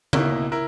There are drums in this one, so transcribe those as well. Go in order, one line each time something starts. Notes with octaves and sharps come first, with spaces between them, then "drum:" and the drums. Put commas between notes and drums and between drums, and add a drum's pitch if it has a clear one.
B2 A#3 E4 A#4, drum: tom C#3
E4 A#4